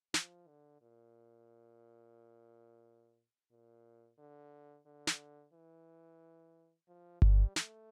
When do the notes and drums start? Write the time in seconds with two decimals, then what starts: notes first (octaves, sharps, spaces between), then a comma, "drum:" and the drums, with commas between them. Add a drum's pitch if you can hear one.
0.14 F3, drum: snare
0.47 D3
0.81 A#2
3.51 A#2
4.18 D3
4.86 D3
5.07 drum: snare
5.53 E3
6.88 F3
7.22 G3, drum: kick G1
7.56 A3, drum: snare